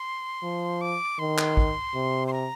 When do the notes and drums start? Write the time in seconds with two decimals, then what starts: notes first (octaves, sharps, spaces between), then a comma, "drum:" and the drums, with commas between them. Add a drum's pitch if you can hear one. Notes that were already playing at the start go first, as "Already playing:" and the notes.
Already playing: C6
0.43 F3
0.81 D6
1.19 D#3 C6
1.38 drum: clap
1.57 drum: kick
1.95 C3
2.27 C6
2.33 A#5